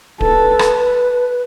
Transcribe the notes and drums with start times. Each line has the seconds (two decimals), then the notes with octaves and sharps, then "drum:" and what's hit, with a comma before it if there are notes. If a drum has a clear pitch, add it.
0.21 A4 B4, drum: kick D1
0.59 drum: rim click